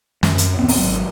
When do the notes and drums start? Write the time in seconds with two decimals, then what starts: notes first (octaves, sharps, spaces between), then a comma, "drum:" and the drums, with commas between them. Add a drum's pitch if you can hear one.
0.23 F#2, drum: snare
0.38 drum: hi-hat
0.59 D#2 A#2 B3 C4
0.69 drum: open hi-hat
0.79 G#1 F#3